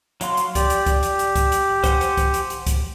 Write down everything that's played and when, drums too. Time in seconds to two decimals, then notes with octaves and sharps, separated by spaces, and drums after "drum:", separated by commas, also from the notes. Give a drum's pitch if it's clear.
0.21 F#3 F5 C6, drum: hi-hat
0.37 drum: hi-hat
0.55 G4 D5, drum: kick C2, hi-hat
0.70 drum: hi-hat
0.86 drum: kick C2, hi-hat
1.03 drum: hi-hat
1.19 drum: hi-hat
1.36 drum: kick C2, hi-hat
1.52 drum: hi-hat
1.84 C5 F#5 G#5, drum: kick C2, hi-hat
2.01 drum: hi-hat
2.17 drum: kick C2, hi-hat
2.34 drum: hi-hat
2.50 drum: hi-hat
2.67 drum: kick C2, hi-hat